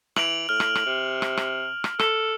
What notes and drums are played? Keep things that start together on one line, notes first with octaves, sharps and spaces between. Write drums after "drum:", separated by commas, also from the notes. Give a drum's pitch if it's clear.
E3 D7 F7 F#7, drum: rim click
A2 F6
drum: rim click
drum: rim click
C3
drum: rim click
drum: rim click
drum: rim click
A4, drum: rim click